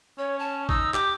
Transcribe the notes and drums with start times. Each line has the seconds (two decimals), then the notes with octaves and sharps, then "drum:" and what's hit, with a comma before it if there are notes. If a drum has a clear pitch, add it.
0.19 C#4 C#5
0.39 A5
0.69 D#4 E6, drum: kick A1
0.94 G4 D6, drum: clap